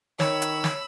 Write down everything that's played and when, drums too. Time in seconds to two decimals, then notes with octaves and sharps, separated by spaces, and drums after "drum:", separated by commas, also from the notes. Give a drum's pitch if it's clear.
0.20 D#3 C#5 B5 E6, drum: snare
0.42 drum: hi-hat
0.64 drum: snare